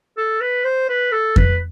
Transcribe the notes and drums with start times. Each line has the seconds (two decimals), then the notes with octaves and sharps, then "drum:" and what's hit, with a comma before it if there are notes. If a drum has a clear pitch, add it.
0.17 A4
0.41 B4
0.64 C5
0.89 B4
1.12 A4
1.36 B4, drum: kick F2